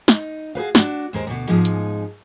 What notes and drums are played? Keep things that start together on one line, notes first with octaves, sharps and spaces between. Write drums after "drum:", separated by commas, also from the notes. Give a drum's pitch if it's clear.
D#4, drum: snare
F#4 G#4 B4 F5
D4 F#4, drum: snare
D#2 G#3 A#4 C5
D2 B2
G#2 F3 G#3 D#4
drum: hi-hat